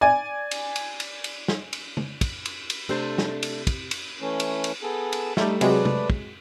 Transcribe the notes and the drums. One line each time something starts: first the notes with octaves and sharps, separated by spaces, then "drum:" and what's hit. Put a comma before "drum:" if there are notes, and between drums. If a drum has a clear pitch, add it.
D5 G#5
drum: cymbal
drum: cymbal
drum: cymbal
drum: cymbal
drum: snare
drum: cymbal
drum: tom C#3
drum: kick, cymbal
drum: cymbal
drum: cymbal
C3 A3 D4 C5
drum: snare
drum: cymbal
drum: kick, cymbal
drum: cymbal
E3 A3 C#4
drum: cymbal
drum: cymbal
B3 G#4 A4
drum: cymbal
G3 A3 D#4, drum: snare
C3 F#3 G#3 A3 B4 D5, drum: cymbal
drum: tom C3
drum: kick